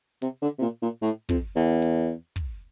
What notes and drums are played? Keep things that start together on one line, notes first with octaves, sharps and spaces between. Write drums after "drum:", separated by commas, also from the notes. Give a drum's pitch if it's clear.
C3, drum: hi-hat
D3
C3
A#2
A#2
A2
F2, drum: kick, hi-hat
E2
drum: hi-hat
drum: kick